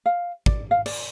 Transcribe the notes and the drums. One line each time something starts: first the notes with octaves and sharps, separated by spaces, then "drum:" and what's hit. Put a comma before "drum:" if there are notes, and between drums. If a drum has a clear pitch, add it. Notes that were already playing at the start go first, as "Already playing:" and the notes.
F5
D5, drum: kick
F5
D5, drum: cymbal